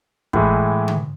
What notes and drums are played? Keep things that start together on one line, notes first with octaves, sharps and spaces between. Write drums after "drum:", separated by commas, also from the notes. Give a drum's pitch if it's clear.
A2 E3 G#3, drum: kick
drum: tom D3